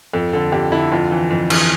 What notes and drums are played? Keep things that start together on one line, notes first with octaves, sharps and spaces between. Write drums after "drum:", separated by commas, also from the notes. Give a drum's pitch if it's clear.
F2 A4
D3 A4
F2 G4
D3 E4
F2 F4
E3
F2
E3, drum: cymbal